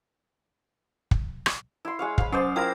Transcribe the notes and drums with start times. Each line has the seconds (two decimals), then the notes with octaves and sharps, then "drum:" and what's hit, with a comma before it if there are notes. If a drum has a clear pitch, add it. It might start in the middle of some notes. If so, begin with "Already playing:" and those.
1.11 drum: kick
1.46 drum: rim click
1.85 E4 C6
1.99 G#3 C#5 F5
2.18 F5 B5, drum: kick
2.32 F#3 C#4 C5 D5 D#5 C7
2.56 E4 F4 A#4 G5 F6 A#6